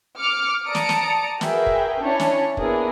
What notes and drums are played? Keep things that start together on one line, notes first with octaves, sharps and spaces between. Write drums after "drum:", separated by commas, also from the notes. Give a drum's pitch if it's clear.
D6 F6 C#7
D5 A5 A#5 D#6 C#7 D7
drum: snare
drum: snare
F#4 G#4 A#4 B4 E5 G5, drum: snare
drum: kick
C#4 D4 E4 C#5
drum: snare
A#3 B3 D4 E4 G#4 A#4, drum: kick